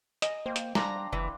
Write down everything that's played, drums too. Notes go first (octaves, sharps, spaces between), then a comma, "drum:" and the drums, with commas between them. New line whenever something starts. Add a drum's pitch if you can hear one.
D#5 G#5, drum: hi-hat
A#3 C5 G5
drum: hi-hat
G3 D4 F5 G#5 A#5 C6, drum: snare
G5
F#1 E3